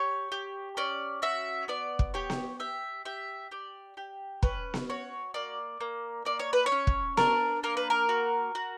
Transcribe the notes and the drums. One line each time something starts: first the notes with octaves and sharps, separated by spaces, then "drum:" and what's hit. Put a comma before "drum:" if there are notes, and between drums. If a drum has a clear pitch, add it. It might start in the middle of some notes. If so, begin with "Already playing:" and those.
Already playing: G4 C#5
G4
C#4 D5
F#4 E5
B3 D5
drum: kick
G4 C#5
drum: snare B3
G4 E5
G4 E5
G4 D5
G4
C#4 B4, drum: kick
drum: snare B3
F#4 C#5
A#3 D5
A#3
A#3 D5
C#5
B4
C#5
C#4
drum: kick
D4 A#4, drum: snare B3
A#3 A#4
B4
A#4
F#4
F#4